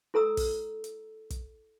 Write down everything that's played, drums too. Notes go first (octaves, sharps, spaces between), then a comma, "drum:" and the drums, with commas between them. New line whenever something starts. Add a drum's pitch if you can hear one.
E4 A4 A#5 E6
drum: kick, open hi-hat
drum: hi-hat
drum: kick, hi-hat